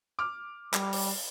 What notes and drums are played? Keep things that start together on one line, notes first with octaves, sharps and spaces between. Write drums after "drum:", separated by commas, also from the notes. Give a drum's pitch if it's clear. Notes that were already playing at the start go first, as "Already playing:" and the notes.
D6 F6
G3, drum: clap
drum: open hi-hat